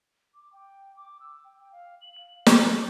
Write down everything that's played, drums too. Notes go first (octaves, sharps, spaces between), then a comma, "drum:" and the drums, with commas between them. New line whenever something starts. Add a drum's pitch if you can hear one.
D6
G5
D6
E6
G5
F5
F#7
F5
drum: snare
D6